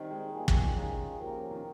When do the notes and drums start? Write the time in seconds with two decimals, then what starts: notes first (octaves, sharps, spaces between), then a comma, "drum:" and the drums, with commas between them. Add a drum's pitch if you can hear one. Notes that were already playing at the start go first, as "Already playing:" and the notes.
Already playing: D#3 G3 C4 D#4
0.11 G#3
0.32 G3 A#3 F4 G#4
0.48 drum: kick
0.61 D#3
0.76 D#3 G#3 C#4 F4 G#4
1.19 F3 A#3 C#4 G4 A#4
1.51 D#3